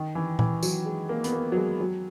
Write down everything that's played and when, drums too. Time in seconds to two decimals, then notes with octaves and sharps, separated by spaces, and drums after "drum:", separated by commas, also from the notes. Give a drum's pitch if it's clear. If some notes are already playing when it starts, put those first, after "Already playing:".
Already playing: D#3
0.15 E3
0.39 E3, drum: tom A#2
0.63 F#3, drum: tambourine
0.85 G#3
1.09 A#3
1.24 B3, drum: hi-hat
1.33 A#3
1.52 F#3
1.56 G#3
1.80 F#3